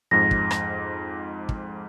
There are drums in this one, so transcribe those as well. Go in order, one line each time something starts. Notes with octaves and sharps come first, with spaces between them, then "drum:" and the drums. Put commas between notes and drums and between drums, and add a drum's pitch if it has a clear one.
F2 G#2 A#6
drum: kick
drum: rim click
drum: kick